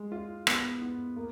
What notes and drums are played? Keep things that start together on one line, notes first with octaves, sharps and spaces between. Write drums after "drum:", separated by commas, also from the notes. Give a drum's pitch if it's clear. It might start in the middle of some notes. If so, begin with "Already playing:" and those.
Already playing: G#3
F4
B3, drum: rim click
B3
A#3